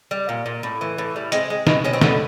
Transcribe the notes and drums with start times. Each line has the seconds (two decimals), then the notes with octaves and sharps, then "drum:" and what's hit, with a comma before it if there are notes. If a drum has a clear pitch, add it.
0.11 G3
0.29 A#2
0.46 A#2
0.63 A2
0.81 E3
0.98 A2
1.16 G3
1.32 G#3 C4, drum: hi-hat
1.50 G#3
1.67 B2, drum: snare
1.84 B2 C#4
1.93 C4
2.01 D3 B3, drum: snare